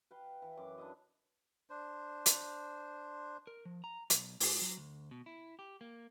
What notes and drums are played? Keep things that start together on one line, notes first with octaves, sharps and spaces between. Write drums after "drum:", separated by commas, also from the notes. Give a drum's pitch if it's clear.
B4 F5 G5
E3
F#2 D6
D4 E4 D#5
D4 C5
drum: hi-hat
A#4
F3
A#5
B1, drum: hi-hat
G#2, drum: open hi-hat
F#3
D2
B2
E4
G4
A#3